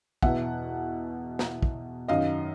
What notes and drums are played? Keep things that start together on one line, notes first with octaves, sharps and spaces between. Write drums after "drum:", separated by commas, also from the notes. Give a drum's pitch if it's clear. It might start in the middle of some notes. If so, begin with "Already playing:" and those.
E2 B2 E5 F#5, drum: kick
drum: snare
drum: kick
F#2 D#3 D#5 F5